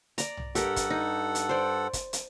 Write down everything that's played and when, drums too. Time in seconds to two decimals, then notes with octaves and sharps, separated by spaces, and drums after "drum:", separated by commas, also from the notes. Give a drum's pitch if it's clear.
0.18 D5 A#5, drum: hi-hat
0.37 drum: tom
0.55 G2 G4 A4 A#4 F#5, drum: hi-hat
0.76 drum: kick, hi-hat
0.90 D#4
1.35 drum: hi-hat
1.49 C5 D5
1.93 drum: kick, hi-hat
2.13 drum: hi-hat